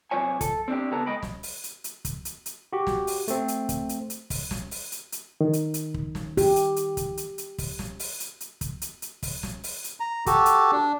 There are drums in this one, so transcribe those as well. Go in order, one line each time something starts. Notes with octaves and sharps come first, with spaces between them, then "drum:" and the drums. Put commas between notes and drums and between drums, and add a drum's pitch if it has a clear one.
C3 F#3 F4 C5 C#5 G#5
A4, drum: kick, hi-hat
C4 D4 G4
C#3 B3 A4 A5 A#5
G#3 D#5 G5 B5
drum: snare
drum: open hi-hat
drum: hi-hat
drum: hi-hat
drum: kick, hi-hat
drum: hi-hat
drum: hi-hat
F#4 G4
drum: snare
drum: open hi-hat
A3 C4, drum: hi-hat
drum: hi-hat
drum: kick, hi-hat
drum: hi-hat
drum: hi-hat
drum: kick, open hi-hat
drum: snare
drum: open hi-hat
drum: hi-hat
drum: hi-hat
D#3
drum: hi-hat
drum: hi-hat
drum: kick
drum: snare
G4, drum: open hi-hat
drum: hi-hat
drum: hi-hat
drum: kick, hi-hat
drum: hi-hat
drum: hi-hat
drum: kick, open hi-hat
drum: snare
drum: open hi-hat
drum: hi-hat
drum: hi-hat
drum: kick, hi-hat
drum: hi-hat
drum: hi-hat
drum: kick, open hi-hat
drum: snare
drum: open hi-hat
drum: hi-hat
A#5
F#4 G4 A4, drum: kick, hi-hat
drum: hi-hat
D4